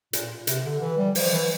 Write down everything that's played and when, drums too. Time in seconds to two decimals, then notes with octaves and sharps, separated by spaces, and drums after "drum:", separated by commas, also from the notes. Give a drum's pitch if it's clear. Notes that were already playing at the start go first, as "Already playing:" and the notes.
0.13 A#2, drum: hi-hat
0.47 C3, drum: hi-hat
0.65 D3
0.81 E3
0.98 G3
1.15 F3, drum: open hi-hat
1.31 E3